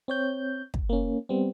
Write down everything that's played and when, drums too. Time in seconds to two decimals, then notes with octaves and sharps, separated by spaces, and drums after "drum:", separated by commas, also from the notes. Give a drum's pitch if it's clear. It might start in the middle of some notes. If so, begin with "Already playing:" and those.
0.08 C4 C#5 G6
0.74 drum: kick
0.89 A#3 C#4
1.29 G3 B3 C4